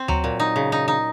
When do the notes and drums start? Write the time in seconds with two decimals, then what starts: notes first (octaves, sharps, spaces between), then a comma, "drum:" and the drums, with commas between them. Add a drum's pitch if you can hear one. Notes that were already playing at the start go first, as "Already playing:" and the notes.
Already playing: C4
0.08 F#3, drum: tom D2
0.24 A#2
0.40 D#4
0.56 C#3
0.72 D#4
0.88 D#4